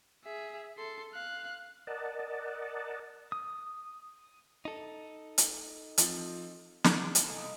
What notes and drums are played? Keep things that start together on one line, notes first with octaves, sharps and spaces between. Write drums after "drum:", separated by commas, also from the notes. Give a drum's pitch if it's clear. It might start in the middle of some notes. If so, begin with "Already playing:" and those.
G#4 E5
A4 C6
F5 F#6
A#4 D5 D#5 F#5 A5
D#6
D#4 A4
drum: hi-hat
F3 C4, drum: hi-hat
D4 E4 C#6 F6, drum: snare
F3 A4 F5, drum: hi-hat
C2 A4 D#5 G#5